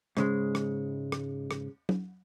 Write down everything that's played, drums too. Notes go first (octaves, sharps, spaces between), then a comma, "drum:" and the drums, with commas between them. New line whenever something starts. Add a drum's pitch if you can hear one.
G#2 C#3 G#3, drum: rim click
drum: rim click
drum: rim click
drum: rim click
drum: tom